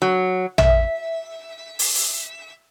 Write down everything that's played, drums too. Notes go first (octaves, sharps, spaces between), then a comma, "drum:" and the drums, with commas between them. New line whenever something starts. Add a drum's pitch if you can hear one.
F#3
E5, drum: tom
drum: open hi-hat
drum: open hi-hat